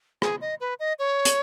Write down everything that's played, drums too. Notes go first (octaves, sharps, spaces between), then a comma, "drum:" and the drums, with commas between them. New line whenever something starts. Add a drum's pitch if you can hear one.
G#4, drum: rim click
D#5
B4
D#5
C#5
drum: hi-hat